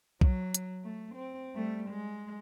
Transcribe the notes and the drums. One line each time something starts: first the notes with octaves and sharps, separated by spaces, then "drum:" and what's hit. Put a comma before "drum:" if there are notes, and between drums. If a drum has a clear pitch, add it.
F#3, drum: kick B1
drum: hi-hat
A3
C4
G3 A3
G#3